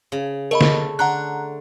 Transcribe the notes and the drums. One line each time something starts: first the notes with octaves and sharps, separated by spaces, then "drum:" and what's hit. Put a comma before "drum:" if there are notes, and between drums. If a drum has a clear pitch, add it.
C#3
A3 A#4 D#5 B5
drum: snare
D3 F#5 A#5 F#6